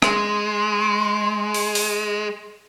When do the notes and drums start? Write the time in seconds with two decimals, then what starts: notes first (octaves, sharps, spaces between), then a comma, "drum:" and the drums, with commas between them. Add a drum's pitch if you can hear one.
0.02 G#3 C6, drum: rim click
1.54 drum: open hi-hat
1.75 drum: open hi-hat